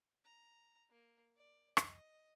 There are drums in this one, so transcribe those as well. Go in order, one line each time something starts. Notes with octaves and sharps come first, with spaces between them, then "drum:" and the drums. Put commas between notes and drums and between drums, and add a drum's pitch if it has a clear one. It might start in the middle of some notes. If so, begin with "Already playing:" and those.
A#5
A#3
D5
D#5, drum: rim click